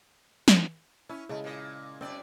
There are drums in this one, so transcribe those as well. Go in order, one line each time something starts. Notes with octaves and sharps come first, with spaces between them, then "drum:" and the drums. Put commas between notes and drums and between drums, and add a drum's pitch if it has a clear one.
drum: snare
C#4 E4
C#3 G#3 A3
A#2 D#5
F#2 C4 D5